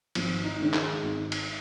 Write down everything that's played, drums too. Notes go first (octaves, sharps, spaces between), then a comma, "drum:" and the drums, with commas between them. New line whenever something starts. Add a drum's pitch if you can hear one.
G#1 F3, drum: cymbal
D#4
G#2 D#3 G#3 C#4
D#4, drum: clap
G#1
drum: cymbal